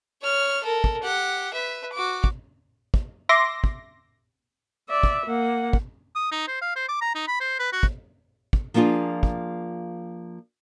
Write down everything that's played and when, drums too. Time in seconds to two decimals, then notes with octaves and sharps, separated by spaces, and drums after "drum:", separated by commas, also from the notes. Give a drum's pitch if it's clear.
0.21 C#5 F6
0.63 A4 A#4
0.84 drum: kick
1.02 G4 F#5
1.54 B4 E5
1.93 F#4 D6
2.24 drum: kick
2.94 drum: kick
3.29 E5 C6 D6 A#6
3.64 drum: kick
4.89 D5 E5
5.03 drum: kick
5.27 A#3 F#5
5.73 drum: kick
6.16 D#6
6.32 D#4
6.48 C5
6.62 F5
6.76 C5
6.89 D6
7.01 A#5
7.15 D#4
7.28 B5
7.41 C5
7.59 B4
7.73 F#4
7.83 drum: kick
8.53 drum: kick
8.74 F3 A#3 D4 F4 G#4
9.23 drum: kick